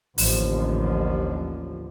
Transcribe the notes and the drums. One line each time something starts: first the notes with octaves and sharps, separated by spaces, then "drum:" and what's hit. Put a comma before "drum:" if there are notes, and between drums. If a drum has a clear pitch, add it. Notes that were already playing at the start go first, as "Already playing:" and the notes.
A1 D#2 D3 F3, drum: open hi-hat